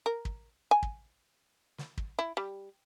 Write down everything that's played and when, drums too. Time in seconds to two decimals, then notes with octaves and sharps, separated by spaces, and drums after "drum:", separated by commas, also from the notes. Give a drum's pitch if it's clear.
0.06 A#4
0.25 drum: kick
0.71 G#5
0.83 drum: kick
1.78 drum: snare
1.98 drum: kick
2.19 E4
2.37 G3